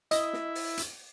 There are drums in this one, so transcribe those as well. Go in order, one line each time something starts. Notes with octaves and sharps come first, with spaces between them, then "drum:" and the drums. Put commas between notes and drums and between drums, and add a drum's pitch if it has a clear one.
E4 D#5, drum: hi-hat
drum: snare
drum: open hi-hat
drum: hi-hat